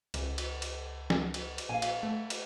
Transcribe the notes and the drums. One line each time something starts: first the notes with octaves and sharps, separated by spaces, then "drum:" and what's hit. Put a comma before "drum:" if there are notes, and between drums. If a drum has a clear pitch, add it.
C#2, drum: cymbal
drum: cymbal
drum: cymbal
drum: snare
drum: cymbal
drum: cymbal
A#1 F5 G#5
drum: cymbal
A3
drum: cymbal